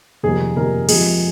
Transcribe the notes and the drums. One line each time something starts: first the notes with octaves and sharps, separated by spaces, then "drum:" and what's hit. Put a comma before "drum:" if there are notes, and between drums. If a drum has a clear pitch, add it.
F1 F2 D#3 G3 A#3 G#4
F1 F2 D#3 G3 A#3 A#4
F2 C3 F3 G#3 G#4, drum: cymbal